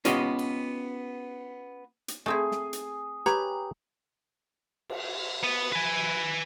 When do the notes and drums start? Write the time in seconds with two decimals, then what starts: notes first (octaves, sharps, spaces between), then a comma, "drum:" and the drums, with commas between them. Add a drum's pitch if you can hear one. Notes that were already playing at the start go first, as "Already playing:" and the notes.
0.05 B3 C#4 F4 G4 D#5, drum: hi-hat
0.39 drum: cymbal
2.08 drum: hi-hat
2.26 A3 C4 E4 G#4
2.52 drum: snare
2.73 drum: hi-hat
3.26 G4 B4 C#5 G5 A#5, drum: snare
4.90 drum: cymbal
5.43 B3
5.73 B4 G#5